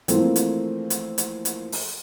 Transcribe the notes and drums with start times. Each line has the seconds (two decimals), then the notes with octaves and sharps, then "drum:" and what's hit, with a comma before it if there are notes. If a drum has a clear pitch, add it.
0.08 E3 F3 A3 A#3 C4, drum: hi-hat
0.36 drum: hi-hat
0.90 drum: hi-hat
1.18 drum: hi-hat
1.45 drum: hi-hat
1.72 drum: open hi-hat